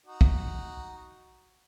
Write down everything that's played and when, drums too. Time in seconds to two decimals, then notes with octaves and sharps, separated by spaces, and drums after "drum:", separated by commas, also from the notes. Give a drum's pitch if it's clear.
0.06 D#4 F#4
0.21 drum: kick